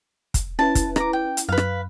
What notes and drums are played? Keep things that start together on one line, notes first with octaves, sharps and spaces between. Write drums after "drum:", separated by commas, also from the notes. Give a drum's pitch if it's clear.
drum: kick, hi-hat
C#4 E4 B4 A5
drum: kick, hi-hat
A#5 D6, drum: rim click
G5
drum: hi-hat
F#2 B4 F5
drum: rim click